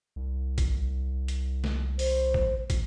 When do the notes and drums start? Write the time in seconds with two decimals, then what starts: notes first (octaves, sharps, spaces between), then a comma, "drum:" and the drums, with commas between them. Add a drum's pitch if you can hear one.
0.16 C2
0.58 drum: kick, hi-hat
1.28 drum: hi-hat
1.64 drum: snare
1.99 C5, drum: open hi-hat
2.34 drum: kick
2.70 drum: kick, hi-hat